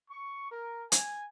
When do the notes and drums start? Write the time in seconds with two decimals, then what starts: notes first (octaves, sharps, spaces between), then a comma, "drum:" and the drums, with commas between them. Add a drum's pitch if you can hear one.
0.10 C#6
0.52 A#4
0.92 G#5, drum: hi-hat